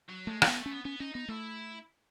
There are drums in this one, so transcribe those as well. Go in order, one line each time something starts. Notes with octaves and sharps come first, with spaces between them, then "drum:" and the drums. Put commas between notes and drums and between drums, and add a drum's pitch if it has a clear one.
F#3
G#3 A3
G#3, drum: rim click
B3
A3
B3 C#4
B3 C#4
C#4 D#4
B3 D#4
A3 E4